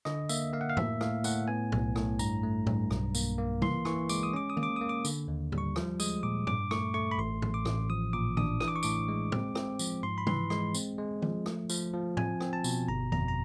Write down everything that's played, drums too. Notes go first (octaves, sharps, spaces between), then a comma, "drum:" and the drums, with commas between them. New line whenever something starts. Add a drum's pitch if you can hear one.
D3 D#5, drum: rim click
A#3 E5, drum: tambourine
A#3 F5
F#5
F5
A2 E5, drum: tom F#2
A2 F5, drum: rim click
A2 F#5, drum: tambourine
B3 G#5
B1, drum: tom A2
A2, drum: rim click
G2 A#5, drum: tambourine
A3
G2, drum: tom A2
B1, drum: rim click
A#3, drum: tambourine
A#3
E3 C6, drum: tom
E3 C#6, drum: rim click
G#3 D6, drum: tambourine
D#6
C#4 D6
D#6
A#3, drum: tom D#3
D6
A#3 D#6
D6
D3, drum: tambourine
D#2
G3, drum: tom A2
C#6
F3, drum: rim click
G#3 D#6, drum: tambourine
A#2 D6
G2 D6, drum: tom A2
A3 C#6, drum: rim click
A3 C#6
B5
A1 C6
A1, drum: tom A2
D6
A1, drum: rim click
F3 D#6
A#2 D6
D4 D#6, drum: tom D#3
E3 D#6, drum: rim click
D6
C#6
A2 D6, drum: tambourine
G#3
C4, drum: tom A2
C4, drum: rim click
F3, drum: tambourine
G#2 C6
B5
E3 C6, drum: tom
G#3 C6, drum: rim click
C4, drum: tambourine
G#3
F3, drum: tom D#3
A3, drum: rim click
F3, drum: tambourine
F3
C4 G#5, drum: tom A2
C4, drum: rim click
A5
B2, drum: tambourine
G1 A#5
F2 A#5, drum: tom D#3
A#5